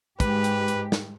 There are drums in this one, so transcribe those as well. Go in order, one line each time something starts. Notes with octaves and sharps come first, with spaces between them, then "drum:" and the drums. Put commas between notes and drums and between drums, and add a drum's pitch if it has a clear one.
G#2 G4 B4, drum: kick, hi-hat
drum: hi-hat
drum: hi-hat
drum: snare